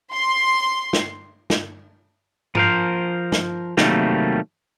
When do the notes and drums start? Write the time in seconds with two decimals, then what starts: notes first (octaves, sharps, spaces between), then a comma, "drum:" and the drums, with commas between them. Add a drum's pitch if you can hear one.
0.13 C6
0.93 drum: snare
1.50 drum: snare
2.55 F3 A#4 C5, drum: tom G#2
3.32 drum: snare
3.77 C3 D#3 F#3 G3 A3 A#3, drum: snare